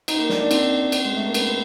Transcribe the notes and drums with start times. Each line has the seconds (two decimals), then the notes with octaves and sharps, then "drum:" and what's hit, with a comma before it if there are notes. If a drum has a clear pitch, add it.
0.08 D#4, drum: cymbal
0.18 A#3
0.29 D4, drum: snare
0.40 D4
0.51 C4, drum: cymbal
0.92 drum: cymbal
1.05 G#3
1.15 A3
1.24 A#3
1.34 B3, drum: cymbal